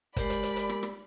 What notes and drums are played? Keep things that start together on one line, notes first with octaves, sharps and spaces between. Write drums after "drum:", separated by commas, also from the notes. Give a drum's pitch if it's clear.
G#3 G4 A#4 D5 B5, drum: kick, hi-hat
drum: hi-hat
drum: hi-hat
drum: hi-hat
drum: rim click
drum: rim click